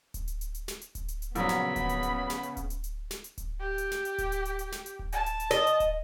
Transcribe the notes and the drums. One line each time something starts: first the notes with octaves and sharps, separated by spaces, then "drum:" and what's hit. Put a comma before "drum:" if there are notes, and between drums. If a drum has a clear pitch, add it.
drum: kick D1, hi-hat
drum: hi-hat
drum: hi-hat
drum: hi-hat
drum: snare
drum: hi-hat
drum: kick D1, hi-hat
drum: hi-hat
drum: hi-hat
A#1 C#3 F#3 B3 B5, drum: hi-hat
drum: snare
drum: kick D1, hi-hat
drum: hi-hat
drum: hi-hat
drum: snare
drum: hi-hat
drum: kick D1, hi-hat
drum: hi-hat
drum: hi-hat
drum: snare
drum: hi-hat
drum: kick D1, hi-hat
G4
drum: hi-hat
drum: snare
drum: hi-hat
drum: kick D1, hi-hat
drum: hi-hat
drum: hi-hat
drum: hi-hat
drum: snare
drum: hi-hat
drum: kick D1
A5, drum: hi-hat
drum: hi-hat
drum: hi-hat
D#5, drum: snare
drum: hi-hat
drum: kick D1, hi-hat